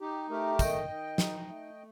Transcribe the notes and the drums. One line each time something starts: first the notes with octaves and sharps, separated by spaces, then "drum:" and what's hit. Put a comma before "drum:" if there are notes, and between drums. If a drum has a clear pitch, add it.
D#4 G4
A3 G4 A#4
D#3 D#5 G5, drum: kick, tambourine
D#3
D#4, drum: snare
A3